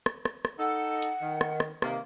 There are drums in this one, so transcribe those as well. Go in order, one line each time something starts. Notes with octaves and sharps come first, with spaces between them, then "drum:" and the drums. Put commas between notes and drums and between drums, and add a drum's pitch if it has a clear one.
drum: rim click
drum: rim click
drum: rim click
D#4 A4 F#5
drum: hi-hat
D#3
drum: rim click
drum: rim click
C3 D#3 A#3, drum: rim click